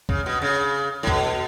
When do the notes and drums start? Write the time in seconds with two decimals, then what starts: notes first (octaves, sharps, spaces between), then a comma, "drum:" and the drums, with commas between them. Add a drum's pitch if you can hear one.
0.09 C#3, drum: kick
0.26 B2
0.42 C#3
1.03 A2
1.07 B2, drum: kick